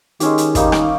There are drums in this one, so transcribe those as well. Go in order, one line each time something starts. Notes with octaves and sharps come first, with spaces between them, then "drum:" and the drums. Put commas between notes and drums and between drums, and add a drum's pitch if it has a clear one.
D#3 G#3 C#4 G4, drum: hi-hat
drum: hi-hat
G3 A#3 D#4 G4, drum: kick, hi-hat
drum: rim click